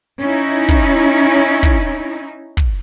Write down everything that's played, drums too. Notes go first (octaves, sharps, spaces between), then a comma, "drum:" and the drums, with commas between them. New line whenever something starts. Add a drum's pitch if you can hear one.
C#4 D#4 E4
drum: kick
drum: kick
drum: kick